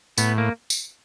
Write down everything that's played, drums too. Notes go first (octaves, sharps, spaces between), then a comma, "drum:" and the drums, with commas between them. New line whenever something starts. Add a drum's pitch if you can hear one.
A2 B3, drum: tambourine
A#3
drum: tambourine